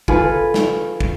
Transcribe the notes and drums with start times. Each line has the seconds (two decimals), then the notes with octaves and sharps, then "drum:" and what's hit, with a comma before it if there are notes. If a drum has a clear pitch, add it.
0.08 F4 G#4 A4 B4, drum: kick
0.54 drum: snare
1.00 drum: kick